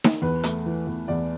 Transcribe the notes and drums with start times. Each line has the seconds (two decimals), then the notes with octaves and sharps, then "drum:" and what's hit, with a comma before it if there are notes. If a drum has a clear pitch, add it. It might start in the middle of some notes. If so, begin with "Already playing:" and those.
0.04 drum: snare D#4
0.22 E2 B4
0.43 A3, drum: hi-hat
0.66 E3
0.87 E2
1.08 E2 D5